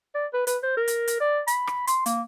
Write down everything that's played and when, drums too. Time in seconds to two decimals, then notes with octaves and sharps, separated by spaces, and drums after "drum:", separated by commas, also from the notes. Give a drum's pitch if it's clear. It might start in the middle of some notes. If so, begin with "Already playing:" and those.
0.15 D5
0.34 B4
0.47 B4, drum: hi-hat
0.63 C5
0.77 A#4
0.88 drum: hi-hat
1.07 drum: hi-hat
1.20 D5
1.48 B5, drum: hi-hat
1.67 drum: rim click
1.87 C6, drum: hi-hat
2.06 A#3, drum: hi-hat